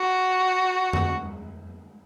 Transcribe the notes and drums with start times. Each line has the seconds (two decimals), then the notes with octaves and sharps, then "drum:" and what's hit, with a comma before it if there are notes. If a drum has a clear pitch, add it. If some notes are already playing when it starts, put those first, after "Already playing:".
Already playing: F#4
0.93 drum: tom F2